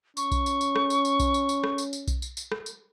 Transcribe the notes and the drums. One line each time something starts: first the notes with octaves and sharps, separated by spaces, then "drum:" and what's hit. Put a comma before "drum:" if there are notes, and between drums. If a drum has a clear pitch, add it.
C#4 C#6, drum: tambourine
drum: kick B1, tambourine
drum: tambourine
drum: tambourine
drum: rim click
drum: tambourine
drum: tambourine
drum: kick B1, tambourine
drum: tambourine
drum: tambourine
drum: rim click
drum: tambourine
drum: tambourine
drum: kick B1, tambourine
drum: tambourine
drum: tambourine
drum: rim click
drum: tambourine